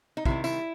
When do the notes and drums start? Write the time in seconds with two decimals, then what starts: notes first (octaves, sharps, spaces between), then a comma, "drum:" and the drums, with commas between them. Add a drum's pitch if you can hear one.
0.17 D#4
0.25 C3 D#3 G3 E4, drum: kick
0.44 E4, drum: tambourine